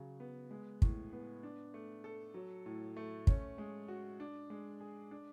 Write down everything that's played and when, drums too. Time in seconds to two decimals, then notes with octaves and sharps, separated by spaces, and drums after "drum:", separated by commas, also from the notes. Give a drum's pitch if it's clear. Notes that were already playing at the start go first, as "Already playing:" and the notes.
Already playing: C#3 F#3
0.20 B3
0.51 G#3
0.82 A2, drum: kick
1.13 B3
1.43 D4
1.74 A3
2.04 A4
2.34 F#3
2.66 A2
2.96 A3
3.27 C#4, drum: kick
3.58 G#3
3.88 F#4
4.20 D4
4.50 G#3
4.80 G#4
5.11 D4